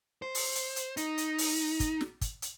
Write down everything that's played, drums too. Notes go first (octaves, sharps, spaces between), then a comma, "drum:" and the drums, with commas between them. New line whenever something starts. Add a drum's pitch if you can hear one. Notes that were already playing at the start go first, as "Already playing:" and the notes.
C5
drum: open hi-hat
drum: hi-hat
drum: hi-hat
D#4, drum: hi-hat
drum: hi-hat
drum: open hi-hat
drum: kick, hi-hat
drum: snare
drum: kick, hi-hat
drum: hi-hat